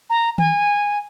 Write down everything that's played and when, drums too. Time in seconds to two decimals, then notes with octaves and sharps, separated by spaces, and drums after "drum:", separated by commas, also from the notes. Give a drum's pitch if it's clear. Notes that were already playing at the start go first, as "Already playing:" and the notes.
0.10 A#5
0.38 G#5, drum: tom D#3